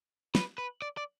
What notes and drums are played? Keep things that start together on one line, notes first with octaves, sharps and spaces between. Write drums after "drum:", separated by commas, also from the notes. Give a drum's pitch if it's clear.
B4, drum: snare
B4
D5
D5